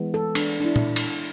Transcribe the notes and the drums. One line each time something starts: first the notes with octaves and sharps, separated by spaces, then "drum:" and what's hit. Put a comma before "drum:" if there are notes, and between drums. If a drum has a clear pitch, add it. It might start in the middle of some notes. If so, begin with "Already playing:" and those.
Already playing: E3 G#3 B3
A4
D4, drum: cymbal
D4
E4
drum: tom A#2
drum: cymbal